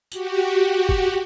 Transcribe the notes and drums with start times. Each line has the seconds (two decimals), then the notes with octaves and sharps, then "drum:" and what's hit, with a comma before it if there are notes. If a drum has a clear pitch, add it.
0.11 F#4 G4, drum: tambourine
0.89 drum: kick